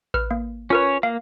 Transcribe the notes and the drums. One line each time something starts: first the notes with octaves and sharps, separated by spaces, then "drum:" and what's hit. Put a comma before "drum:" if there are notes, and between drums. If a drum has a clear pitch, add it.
B4 F6, drum: kick A1
A#3
C#4 F4 A#4 B4 C#5
A#3 F5